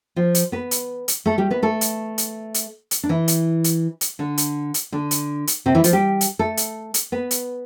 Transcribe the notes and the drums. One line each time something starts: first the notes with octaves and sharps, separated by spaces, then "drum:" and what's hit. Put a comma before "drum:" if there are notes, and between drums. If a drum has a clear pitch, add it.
F3 F4
drum: hi-hat
B3 B4
drum: hi-hat
drum: hi-hat
A3 A4
G3 G4
B3 B4
A3 A4
drum: hi-hat
drum: hi-hat
drum: hi-hat
drum: hi-hat
D4
E3 E4
drum: hi-hat
drum: hi-hat
drum: hi-hat
D3 D4
drum: hi-hat
drum: hi-hat
D3 D4
drum: hi-hat
drum: hi-hat
C3 C4
E3 E4
F3 F4, drum: hi-hat
G3 G4
drum: hi-hat
A3 A4
drum: hi-hat
drum: hi-hat
B3 B4
drum: hi-hat